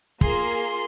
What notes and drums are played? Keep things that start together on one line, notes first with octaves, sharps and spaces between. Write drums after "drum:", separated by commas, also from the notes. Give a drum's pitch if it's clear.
A#3 F4 G#4 C6, drum: kick